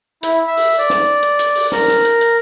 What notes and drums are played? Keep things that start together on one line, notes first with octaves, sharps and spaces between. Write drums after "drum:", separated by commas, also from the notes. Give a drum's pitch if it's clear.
E4, drum: hi-hat
E5
drum: open hi-hat
D5
drum: snare
drum: hi-hat
drum: hi-hat
drum: open hi-hat
A#4, drum: snare
drum: snare
drum: hi-hat
drum: hi-hat